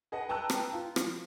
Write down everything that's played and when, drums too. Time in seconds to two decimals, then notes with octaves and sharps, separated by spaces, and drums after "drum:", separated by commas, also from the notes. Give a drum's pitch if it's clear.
0.12 G#4 B4 D#5 F#5 A5
0.29 B4 G5 A5 A#5 E6 F#6
0.50 drum: rim click
0.73 F4
0.96 F3, drum: rim click